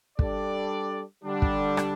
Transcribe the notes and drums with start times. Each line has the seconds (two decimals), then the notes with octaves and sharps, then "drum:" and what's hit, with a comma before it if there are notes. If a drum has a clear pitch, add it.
0.19 G3 D4 A4 D5, drum: kick
1.24 D3 G3 D4
1.42 drum: kick
1.77 drum: rim click